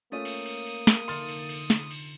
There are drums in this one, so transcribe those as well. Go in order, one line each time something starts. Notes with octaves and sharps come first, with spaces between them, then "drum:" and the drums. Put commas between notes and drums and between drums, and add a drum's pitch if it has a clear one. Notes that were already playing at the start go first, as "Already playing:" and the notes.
A3 A#3 C#4 F4 D#6
drum: cymbal
drum: cymbal
drum: cymbal
drum: snare
F1 D3 D#4 C6 F6 A6, drum: cymbal
drum: cymbal
drum: cymbal
drum: snare
drum: cymbal